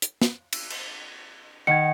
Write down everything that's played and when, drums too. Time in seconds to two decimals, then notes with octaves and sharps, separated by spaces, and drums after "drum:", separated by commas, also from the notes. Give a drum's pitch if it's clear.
0.02 drum: hi-hat
0.22 drum: snare
0.53 drum: cymbal
0.70 drum: cymbal
1.67 D#3 F#5 G#6 C#7